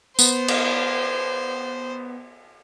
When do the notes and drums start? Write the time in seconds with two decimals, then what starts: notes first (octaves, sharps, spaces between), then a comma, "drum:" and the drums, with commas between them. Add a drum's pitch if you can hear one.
0.19 B3 C5, drum: tambourine
0.48 drum: cymbal